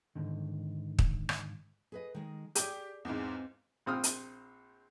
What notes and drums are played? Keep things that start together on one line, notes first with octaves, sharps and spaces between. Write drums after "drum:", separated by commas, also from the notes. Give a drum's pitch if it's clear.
G#2 D3 D#3
drum: kick
drum: rim click
G#4 B4 D#5
D#3 G#3
G4 G#4 D5, drum: hi-hat
E2 G#2 C4 C5 F5
A#1 C4 D#6 F6
drum: hi-hat